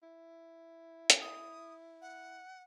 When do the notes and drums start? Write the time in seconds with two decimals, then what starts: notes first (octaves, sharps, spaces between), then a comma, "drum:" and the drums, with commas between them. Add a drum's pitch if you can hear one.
0.03 E4
1.10 drum: hi-hat
1.21 D#6
2.01 F#5